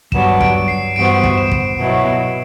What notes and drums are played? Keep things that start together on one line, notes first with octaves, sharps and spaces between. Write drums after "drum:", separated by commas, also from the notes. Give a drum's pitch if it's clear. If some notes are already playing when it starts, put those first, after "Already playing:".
G2 F#3 B3 D4 E7, drum: kick
D7, drum: kick
C7
G2 E3 B3 F#4 C5 D7
drum: kick
E7
drum: kick
B2 F#3 B3 E4